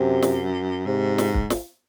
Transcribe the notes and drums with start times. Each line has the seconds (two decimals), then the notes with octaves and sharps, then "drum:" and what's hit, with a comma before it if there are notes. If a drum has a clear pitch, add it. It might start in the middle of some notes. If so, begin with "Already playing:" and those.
Already playing: F#2 C3
0.22 drum: snare
0.86 G#2 C3
1.18 drum: snare
1.34 drum: kick
1.50 drum: snare